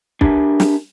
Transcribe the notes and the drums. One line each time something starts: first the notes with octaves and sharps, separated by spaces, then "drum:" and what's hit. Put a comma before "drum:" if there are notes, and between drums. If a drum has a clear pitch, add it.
D4 G4 A#4 E5 G#5, drum: kick
drum: snare